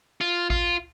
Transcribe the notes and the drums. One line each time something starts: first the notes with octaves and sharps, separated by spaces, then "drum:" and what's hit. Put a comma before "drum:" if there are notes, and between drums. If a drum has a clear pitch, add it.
F4
F4, drum: kick A1